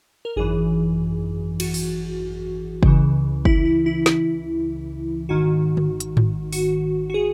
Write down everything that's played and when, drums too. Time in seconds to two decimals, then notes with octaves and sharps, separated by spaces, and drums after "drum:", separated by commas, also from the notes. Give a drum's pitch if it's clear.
0.25 A#4
0.36 G#1 F#2 E3 G#4
1.60 F#4, drum: cymbal
1.74 drum: open hi-hat
2.83 C#2 C#3 E3, drum: kick F#1
3.45 E4, drum: kick F#1
3.65 E4
3.86 E4
4.06 E4, drum: snare
5.29 G#1 G#2 D#3 F#4
5.77 drum: tom D3
6.00 drum: hi-hat
6.17 drum: tom G#2
6.52 F#4, drum: open hi-hat
7.10 F#4
7.14 G#4